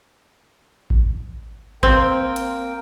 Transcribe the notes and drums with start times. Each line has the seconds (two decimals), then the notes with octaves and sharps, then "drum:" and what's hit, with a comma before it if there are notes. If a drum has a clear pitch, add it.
0.90 drum: kick G#1
1.83 A#3 C4 A#4 G5, drum: kick G#1
2.36 drum: hi-hat